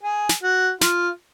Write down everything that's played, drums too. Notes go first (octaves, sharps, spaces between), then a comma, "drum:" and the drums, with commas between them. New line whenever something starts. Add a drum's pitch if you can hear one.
G#4
drum: snare
F#4
F4, drum: snare